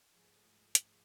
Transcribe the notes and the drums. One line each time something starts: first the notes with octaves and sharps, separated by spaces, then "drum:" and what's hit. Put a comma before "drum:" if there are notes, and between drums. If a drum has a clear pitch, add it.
G#2 F3 A3 G#4
drum: hi-hat